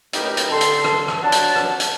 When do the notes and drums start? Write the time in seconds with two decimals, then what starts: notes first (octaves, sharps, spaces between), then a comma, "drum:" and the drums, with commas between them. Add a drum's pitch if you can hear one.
0.13 F#2 A2 D#4 G4 A#4 B4, drum: hi-hat
0.37 drum: hi-hat
0.50 D3 A4 C6
0.61 drum: hi-hat
0.85 drum: rim click
1.08 drum: rim click
1.23 F#3 D4 F#5 A5
1.32 drum: hi-hat
1.56 drum: rim click
1.80 drum: hi-hat